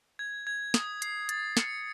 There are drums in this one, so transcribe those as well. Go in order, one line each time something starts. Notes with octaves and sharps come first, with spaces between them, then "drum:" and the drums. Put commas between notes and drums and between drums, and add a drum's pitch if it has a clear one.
G#6
G#6
D#6, drum: snare
C7, drum: hi-hat
A6, drum: hi-hat
C#7, drum: snare